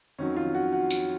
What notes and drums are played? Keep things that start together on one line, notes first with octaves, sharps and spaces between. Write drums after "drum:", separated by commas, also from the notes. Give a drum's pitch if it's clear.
F2 D#3 F#3 C#4
F4
F#4
F#4
drum: tambourine